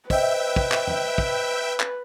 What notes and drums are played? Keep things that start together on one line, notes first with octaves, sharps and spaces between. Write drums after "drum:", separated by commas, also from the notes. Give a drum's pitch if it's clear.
B4 C5 D#5 E5 G5, drum: kick
drum: kick
drum: clap
drum: tom E2
drum: kick
drum: clap